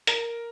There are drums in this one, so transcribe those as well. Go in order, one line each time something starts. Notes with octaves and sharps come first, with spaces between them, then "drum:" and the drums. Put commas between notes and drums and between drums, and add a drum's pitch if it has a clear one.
A#4, drum: hi-hat